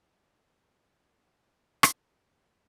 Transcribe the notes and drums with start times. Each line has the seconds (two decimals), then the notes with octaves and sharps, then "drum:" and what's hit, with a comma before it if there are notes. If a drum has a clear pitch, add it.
0.09 C6 E6 F#6 A6 C#7 E7
1.83 drum: rim click